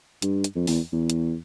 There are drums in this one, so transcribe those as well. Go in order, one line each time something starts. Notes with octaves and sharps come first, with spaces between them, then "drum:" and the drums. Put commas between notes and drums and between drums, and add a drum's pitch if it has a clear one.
G2, drum: hi-hat
drum: hi-hat
F2
E2, drum: open hi-hat
E2
drum: hi-hat